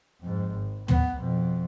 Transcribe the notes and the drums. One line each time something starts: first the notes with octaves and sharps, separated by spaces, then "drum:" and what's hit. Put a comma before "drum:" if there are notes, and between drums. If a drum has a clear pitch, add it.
F2 G#2
G#1
B3, drum: tom
F2 B2